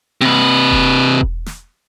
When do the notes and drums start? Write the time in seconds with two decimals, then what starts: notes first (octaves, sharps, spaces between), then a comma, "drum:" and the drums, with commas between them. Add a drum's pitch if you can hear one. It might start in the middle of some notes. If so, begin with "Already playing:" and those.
0.21 C3 B4
0.71 drum: kick E1
1.21 drum: kick E1
1.46 drum: snare